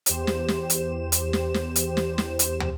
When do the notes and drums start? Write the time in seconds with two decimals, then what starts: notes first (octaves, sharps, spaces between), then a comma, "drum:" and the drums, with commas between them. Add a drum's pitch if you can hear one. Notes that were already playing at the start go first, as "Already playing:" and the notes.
0.06 E2 G4 C5 E7, drum: hi-hat
0.27 drum: snare
0.48 drum: snare
0.70 drum: hi-hat
1.12 drum: hi-hat
1.33 drum: snare
1.54 drum: snare
1.76 drum: hi-hat
1.97 drum: snare
2.18 drum: snare
2.39 drum: hi-hat
2.60 drum: tom